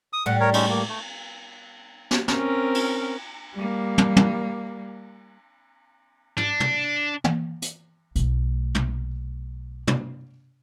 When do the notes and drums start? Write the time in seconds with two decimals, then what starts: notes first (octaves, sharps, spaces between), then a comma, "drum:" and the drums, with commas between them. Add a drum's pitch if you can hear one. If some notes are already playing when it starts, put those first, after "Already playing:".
0.13 D#6
0.26 A2 G3 F#5
0.40 A#4 C#5
0.54 G#3 C#4 D#4, drum: cymbal
0.70 A#3
0.89 A3
2.11 drum: snare
2.28 C4 C#4 A#4, drum: snare
2.75 drum: cymbal
3.55 G3 A#3
3.98 drum: tom
4.16 drum: tom
6.37 D4, drum: tom
6.60 drum: tom
7.24 drum: tom
7.62 drum: hi-hat
8.15 B1 A3, drum: hi-hat
8.75 drum: tom
9.87 drum: tom